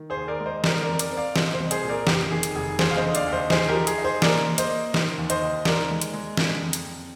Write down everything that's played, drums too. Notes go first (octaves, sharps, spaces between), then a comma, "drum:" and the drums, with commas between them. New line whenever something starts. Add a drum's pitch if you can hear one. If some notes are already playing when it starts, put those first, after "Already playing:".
Already playing: D#3
G#4 C5
D#2
A#4 D5
G#3
C5 D#5
D#3 A#4 D5, drum: snare
A#4 D5
F2
A#4 D5, drum: hi-hat
C4
D5 F5
C2 C5 D#5, drum: snare
C5 D#5
C2
G#4 C5, drum: hi-hat
A#2
A#4 D5
F1 G4, drum: snare
D#3 G#4
drum: hi-hat
F1 G#4
D#2 G#4 C5, drum: snare
F5
C5 D#5
D3
D5 F5, drum: hi-hat
D#2
C5 D#5
D#4 G#4 C5, drum: snare
G4 A#4
F3
G#4, drum: hi-hat
D#4
G#4 C5
A#3 A#4 D5, drum: snare
A#3
C5 D#5, drum: hi-hat
A#3
D#3, drum: snare
D#2
C5 D#5, drum: hi-hat
D#2
D#3 A#4 D5, drum: snare
G#3
drum: hi-hat
G#3
D3, drum: snare
F2
drum: hi-hat
F2